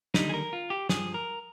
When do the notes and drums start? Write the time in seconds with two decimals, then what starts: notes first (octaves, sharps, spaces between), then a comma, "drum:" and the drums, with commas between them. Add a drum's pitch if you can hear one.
0.14 D#2 D3 G3 D#4, drum: snare
0.29 G#4
0.34 A#4
0.53 F4
0.70 G4
0.89 G2 F3 G#4, drum: snare
1.14 A#4